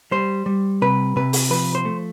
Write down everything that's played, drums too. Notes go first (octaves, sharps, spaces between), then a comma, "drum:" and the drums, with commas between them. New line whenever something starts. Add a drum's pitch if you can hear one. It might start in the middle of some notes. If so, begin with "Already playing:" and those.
G3 C5
G3
C3 B4
C3 B4
drum: open hi-hat
F3 B4
C5
A3